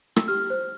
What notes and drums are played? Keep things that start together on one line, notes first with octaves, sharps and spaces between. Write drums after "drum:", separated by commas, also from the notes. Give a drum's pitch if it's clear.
E6, drum: rim click
G4 F6
C5